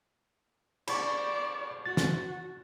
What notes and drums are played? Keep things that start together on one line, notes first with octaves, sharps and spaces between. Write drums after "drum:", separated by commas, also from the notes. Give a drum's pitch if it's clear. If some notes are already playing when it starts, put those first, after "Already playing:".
D5 B5 C#6, drum: cymbal
F#4 A6
drum: snare